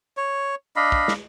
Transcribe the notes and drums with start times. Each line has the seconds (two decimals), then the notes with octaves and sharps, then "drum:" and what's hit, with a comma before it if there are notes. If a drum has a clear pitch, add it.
0.17 C#5
0.76 D4 D#5 F5 B5
0.92 drum: kick
1.08 drum: snare